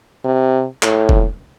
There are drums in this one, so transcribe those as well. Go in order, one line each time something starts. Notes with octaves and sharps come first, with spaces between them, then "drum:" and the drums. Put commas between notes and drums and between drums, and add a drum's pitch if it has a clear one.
C3
A2, drum: clap
drum: kick